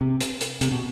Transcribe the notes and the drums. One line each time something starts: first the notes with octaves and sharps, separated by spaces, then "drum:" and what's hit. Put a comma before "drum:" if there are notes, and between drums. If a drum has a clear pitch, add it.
C3
drum: hi-hat
drum: hi-hat
C3, drum: hi-hat
B2